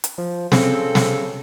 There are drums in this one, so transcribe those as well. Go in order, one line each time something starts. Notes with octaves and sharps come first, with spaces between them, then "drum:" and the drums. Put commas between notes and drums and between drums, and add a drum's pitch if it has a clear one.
drum: hi-hat
F3
C#3 C4 A4, drum: snare
drum: snare